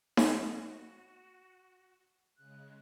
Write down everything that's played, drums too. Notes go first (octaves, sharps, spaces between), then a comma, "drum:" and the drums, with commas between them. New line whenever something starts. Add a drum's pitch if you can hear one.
F#4, drum: snare D#4
C#3 G#3 F#6